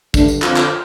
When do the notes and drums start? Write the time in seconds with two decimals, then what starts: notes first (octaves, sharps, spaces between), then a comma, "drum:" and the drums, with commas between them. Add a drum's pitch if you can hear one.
0.14 G2 D3 A3 D4, drum: kick, tambourine
0.28 drum: tambourine
0.42 F2 D3 C4 F4, drum: clap
0.56 drum: clap